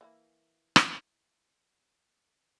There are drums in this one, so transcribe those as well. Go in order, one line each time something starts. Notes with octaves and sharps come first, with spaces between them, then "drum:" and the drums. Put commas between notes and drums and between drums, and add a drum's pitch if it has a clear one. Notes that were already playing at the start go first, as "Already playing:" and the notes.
E3 A#3 E4
drum: rim click